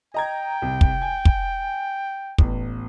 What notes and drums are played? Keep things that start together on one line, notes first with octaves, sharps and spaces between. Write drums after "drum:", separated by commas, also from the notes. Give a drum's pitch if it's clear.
D#5 G5 A#5 G#6
C2
drum: kick
G#5
drum: kick
A1 E2, drum: kick